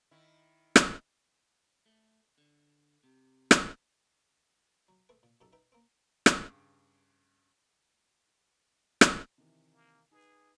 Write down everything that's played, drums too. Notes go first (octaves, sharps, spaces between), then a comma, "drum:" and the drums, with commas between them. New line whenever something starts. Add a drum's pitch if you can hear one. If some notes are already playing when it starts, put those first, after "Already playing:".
D#3 E4
drum: rim click
A3
D3
C3
drum: rim click
F#3
A3 C4 G#4 B4
A#2
F#2 B2 D#4 G4 A4
D#4 B4 E5 G5
A#3 C4
drum: rim click
G2 C#3 D6
drum: rim click
C3 D#3 E3
A#3
D#4 G#4 B4